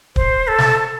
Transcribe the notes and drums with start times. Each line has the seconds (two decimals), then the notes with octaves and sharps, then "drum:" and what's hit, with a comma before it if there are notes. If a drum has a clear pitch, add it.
0.16 C5, drum: kick
0.47 A4
0.58 drum: snare